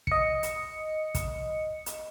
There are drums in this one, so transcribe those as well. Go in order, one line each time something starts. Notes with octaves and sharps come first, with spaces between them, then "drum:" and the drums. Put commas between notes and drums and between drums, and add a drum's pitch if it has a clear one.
D#5 C#7, drum: kick
drum: hi-hat
drum: kick, hi-hat
drum: hi-hat